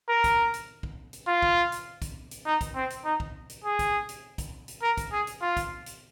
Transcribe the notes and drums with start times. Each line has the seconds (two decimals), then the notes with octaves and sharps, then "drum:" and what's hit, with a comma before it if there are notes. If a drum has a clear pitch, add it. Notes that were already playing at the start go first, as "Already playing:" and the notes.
0.09 A#4
0.24 drum: kick, hi-hat
0.54 drum: hi-hat
0.83 drum: kick
1.13 drum: hi-hat
1.28 F4
1.42 drum: kick
1.72 drum: hi-hat
2.02 drum: kick, hi-hat
2.31 drum: hi-hat
2.46 D#4
2.61 drum: kick, hi-hat
2.76 C4
2.90 drum: hi-hat
3.05 D#4
3.20 drum: kick
3.50 drum: hi-hat
3.64 G#4
3.79 drum: kick, hi-hat
4.09 drum: hi-hat
4.38 drum: kick, hi-hat
4.68 drum: hi-hat
4.83 A#4
4.97 drum: kick, hi-hat
5.12 G#4
5.27 drum: hi-hat
5.42 F4
5.57 drum: kick, hi-hat
5.86 drum: hi-hat